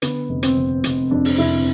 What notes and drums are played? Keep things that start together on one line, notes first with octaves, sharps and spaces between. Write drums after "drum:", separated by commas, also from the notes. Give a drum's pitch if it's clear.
D3 B3, drum: hi-hat
F1
C4, drum: hi-hat
F1
F1, drum: hi-hat
F2 D4
drum: open hi-hat
F1 E4